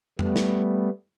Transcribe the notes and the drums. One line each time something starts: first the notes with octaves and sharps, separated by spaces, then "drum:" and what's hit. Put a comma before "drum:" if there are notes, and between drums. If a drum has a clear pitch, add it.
G3 A3 B3, drum: tom F2
drum: snare